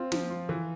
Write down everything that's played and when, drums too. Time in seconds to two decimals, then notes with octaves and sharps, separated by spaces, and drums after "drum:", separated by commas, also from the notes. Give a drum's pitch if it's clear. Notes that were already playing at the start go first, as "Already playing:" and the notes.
Already playing: C4 F4
0.12 F3, drum: snare
0.30 F4
0.49 E3